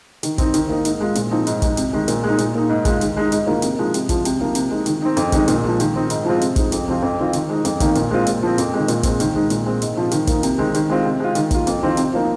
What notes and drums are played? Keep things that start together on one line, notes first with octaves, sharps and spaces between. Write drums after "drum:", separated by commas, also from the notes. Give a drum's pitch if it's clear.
D#3, drum: hi-hat
C4 D#4, drum: kick, hi-hat
D#3, drum: hi-hat
A#3 D#4
G#2, drum: hi-hat
G#3 F4
A#2, drum: hi-hat
F3 C4 D#4
G#2, drum: hi-hat
G#3 D#4, drum: kick, hi-hat
C3, drum: hi-hat
D#3 G#3
A#2, drum: hi-hat
G#3
D#4
A#2, drum: hi-hat
A#3 D#4
G#2
G#3 F4, drum: kick, hi-hat
D#3, drum: hi-hat
G#3 D#4
G#2, drum: hi-hat
D#3 A#3 F4
C3, drum: hi-hat
F3 G#3 D#4
C3, drum: hi-hat
F3 G#3 F4, drum: kick, hi-hat
C3, drum: hi-hat
F3 A#3 D#4
C3, drum: hi-hat
G#3 D#4
D#3, drum: hi-hat
C4 D#4
F2, drum: hi-hat
D#3 G#3 D#4, drum: kick, hi-hat
A#2, drum: hi-hat
F3 G#3
D#3, drum: hi-hat
C4 D#4
G#2, drum: hi-hat
F3 G#3 C4 F4
C3, drum: hi-hat
G#3 D#4, drum: kick, hi-hat
F2, drum: hi-hat
C3 F3 C4 F4
F2
D#3 C4 F4
D#3, drum: hi-hat
G#3 D#4
F2, drum: hi-hat
D#3 A#3 D#4, drum: kick, hi-hat
A#2, drum: hi-hat
G#3 C4 F4
A#2, drum: hi-hat
F3 C4
F2, drum: hi-hat
D#3 G#3
A#2, drum: hi-hat
G#3 C4, drum: kick, hi-hat
D#3, drum: hi-hat
G#3 D#4
A#2, drum: hi-hat
G#3 C4
G#2, drum: hi-hat
F3 C4 F4
D#3, drum: hi-hat
A#3 D#4, drum: kick, hi-hat
C3, drum: hi-hat
D#3 G#3 C4
D#3, drum: hi-hat
G#3 C4 F4
C3
G#3 F4
D#3, drum: hi-hat
A#3 F4, drum: kick, hi-hat
F2, drum: hi-hat
D#3 C4 F4
C3, drum: hi-hat
F3 A#3 D#4